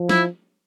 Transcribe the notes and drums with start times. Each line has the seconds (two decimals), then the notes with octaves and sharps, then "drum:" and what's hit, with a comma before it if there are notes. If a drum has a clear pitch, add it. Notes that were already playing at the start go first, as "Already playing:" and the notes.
Already playing: F3
0.09 E4, drum: snare